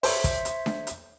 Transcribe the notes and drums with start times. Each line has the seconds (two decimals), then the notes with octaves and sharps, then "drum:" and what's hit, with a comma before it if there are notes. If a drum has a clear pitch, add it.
0.03 C5 C#5 E5, drum: open hi-hat
0.24 drum: kick, hi-hat
0.45 drum: hi-hat
0.66 drum: snare D4
0.87 drum: hi-hat